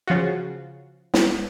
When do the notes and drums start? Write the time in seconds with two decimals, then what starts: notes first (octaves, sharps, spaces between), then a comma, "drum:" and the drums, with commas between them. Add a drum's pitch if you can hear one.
0.07 C#3 F3 F4 F#4
1.14 drum: snare